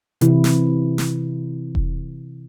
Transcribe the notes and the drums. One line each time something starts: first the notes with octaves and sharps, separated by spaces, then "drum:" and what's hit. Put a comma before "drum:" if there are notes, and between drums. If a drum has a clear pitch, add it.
C3 E3 E4, drum: hi-hat
drum: snare
drum: snare
drum: kick E1